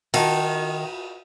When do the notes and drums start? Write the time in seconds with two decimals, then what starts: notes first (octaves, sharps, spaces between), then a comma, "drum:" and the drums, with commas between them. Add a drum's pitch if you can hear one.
0.14 D#3 F#4 A5, drum: cymbal